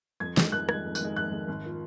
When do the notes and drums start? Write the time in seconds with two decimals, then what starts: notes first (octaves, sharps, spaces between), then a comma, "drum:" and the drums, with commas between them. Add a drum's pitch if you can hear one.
0.20 F2 G#6
0.37 D#3 G#3, drum: snare
0.52 F2 F#6
0.69 D#3 G#3 G#6, drum: rim click
0.84 F2
0.95 F#6, drum: tambourine
1.01 D#3 G#3
1.16 F2 F#6
1.32 D#3 G#3
1.48 G#1
1.66 F3